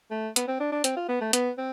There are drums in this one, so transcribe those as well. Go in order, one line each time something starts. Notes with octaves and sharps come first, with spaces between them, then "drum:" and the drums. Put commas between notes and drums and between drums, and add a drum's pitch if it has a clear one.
A3
B3, drum: hi-hat
C4
D4
D4
C4, drum: hi-hat
F4
B3
A3
B3, drum: hi-hat
C4